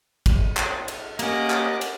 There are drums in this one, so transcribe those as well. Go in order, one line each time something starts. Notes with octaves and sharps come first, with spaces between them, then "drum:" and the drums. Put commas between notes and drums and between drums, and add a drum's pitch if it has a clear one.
drum: kick, cymbal
drum: clap
drum: cymbal
A#3 C#4 G4 A#4 D#5 F#5 D6, drum: cymbal
drum: clap
drum: cymbal